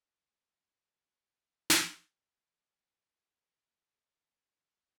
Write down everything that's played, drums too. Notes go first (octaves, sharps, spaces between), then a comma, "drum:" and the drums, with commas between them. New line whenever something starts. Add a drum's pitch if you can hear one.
A2 D#3 F#3 G3 A3 B3
drum: snare
G4 A4 C#5 F#5